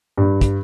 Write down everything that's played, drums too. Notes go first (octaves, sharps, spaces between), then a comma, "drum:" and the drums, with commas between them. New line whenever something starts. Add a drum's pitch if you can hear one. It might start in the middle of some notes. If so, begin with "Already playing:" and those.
G2
drum: kick, hi-hat